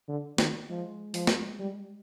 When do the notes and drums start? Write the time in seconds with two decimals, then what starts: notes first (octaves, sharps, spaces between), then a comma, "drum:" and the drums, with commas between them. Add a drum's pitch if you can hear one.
0.08 D3
0.38 D#3, drum: snare
0.69 F3 G#3
1.14 F3, drum: open hi-hat
1.27 drum: snare
1.59 G3